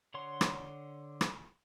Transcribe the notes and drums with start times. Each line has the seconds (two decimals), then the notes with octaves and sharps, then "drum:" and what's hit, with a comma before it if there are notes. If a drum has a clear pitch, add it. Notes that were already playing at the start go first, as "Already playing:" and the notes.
0.14 D3 C#5 F#5 C6
0.41 drum: rim click
1.21 drum: rim click